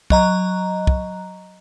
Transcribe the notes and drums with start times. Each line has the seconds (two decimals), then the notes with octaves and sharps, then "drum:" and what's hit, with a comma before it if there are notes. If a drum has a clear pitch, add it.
0.10 F#3 D#5 A#5, drum: kick
0.87 drum: kick